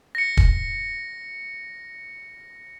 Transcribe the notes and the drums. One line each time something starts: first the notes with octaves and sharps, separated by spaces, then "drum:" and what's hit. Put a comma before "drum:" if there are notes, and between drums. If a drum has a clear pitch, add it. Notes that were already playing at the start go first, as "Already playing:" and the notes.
A#6 C#7
drum: kick